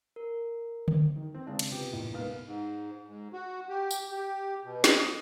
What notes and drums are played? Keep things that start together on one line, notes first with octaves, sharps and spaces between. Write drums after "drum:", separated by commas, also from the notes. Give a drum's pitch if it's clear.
A#4
drum: tom D3
D#3
C4
C#3 G#3 C4 D4
drum: cymbal
C3 F3 B3 G4
A1 E2 A#2 E3
C2 G#2 A#3 B3 F5 F6
G#2
G#2
F#4
G4
drum: tambourine
G4
B2
D#5, drum: snare